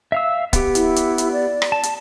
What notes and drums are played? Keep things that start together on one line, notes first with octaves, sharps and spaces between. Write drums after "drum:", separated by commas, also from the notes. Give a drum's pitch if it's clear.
E5 F5 E6
B3 G4, drum: kick C#1, hi-hat
E4, drum: hi-hat
drum: hi-hat
drum: hi-hat
D5
drum: rim click
A5
drum: hi-hat